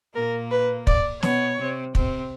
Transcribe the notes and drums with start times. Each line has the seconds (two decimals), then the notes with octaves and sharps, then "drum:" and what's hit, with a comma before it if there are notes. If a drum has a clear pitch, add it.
0.15 A#2 A#3 A#4
0.51 B4
0.87 D5, drum: kick
1.23 B2 B3 C#5, drum: snare
1.59 C3 C4
1.95 C3 C4, drum: kick